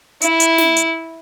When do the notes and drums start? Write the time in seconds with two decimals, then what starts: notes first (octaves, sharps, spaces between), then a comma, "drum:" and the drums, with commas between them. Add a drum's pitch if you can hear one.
0.22 E4, drum: hi-hat
0.40 drum: hi-hat
0.58 drum: snare
0.76 drum: hi-hat